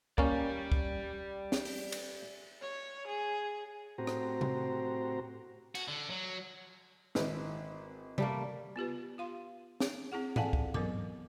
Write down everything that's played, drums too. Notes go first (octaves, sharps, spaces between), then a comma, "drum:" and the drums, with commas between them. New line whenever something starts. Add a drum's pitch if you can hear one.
A#3 C#4 G4 D5, drum: kick
drum: kick
drum: snare
drum: open hi-hat
drum: cymbal
C#5
G#4
A2 C4 F#4 G4 C5 A#5
drum: rim click
drum: tom C3
F#4, drum: cymbal
D3
F#3
G#1 E4 B4, drum: snare
G3 A3 A#3, drum: tom C3
B3 F4 G4 B4
F4 F5 C6
drum: snare
C4 E4 G#4 F#5
A4 D5 F5 F#5 G#5 A5, drum: tom G#2
drum: kick
E3 F#3 B3 A#4 D6, drum: tom G2